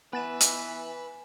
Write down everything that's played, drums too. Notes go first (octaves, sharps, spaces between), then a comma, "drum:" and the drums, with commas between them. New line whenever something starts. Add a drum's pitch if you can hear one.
E3 B3 B4 G#5 A6 E7
drum: hi-hat